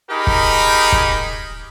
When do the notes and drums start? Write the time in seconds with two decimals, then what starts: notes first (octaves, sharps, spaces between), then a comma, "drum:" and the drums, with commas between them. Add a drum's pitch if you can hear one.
0.11 D#4 G4 G#4 A#4 B5
0.27 drum: kick
0.92 drum: kick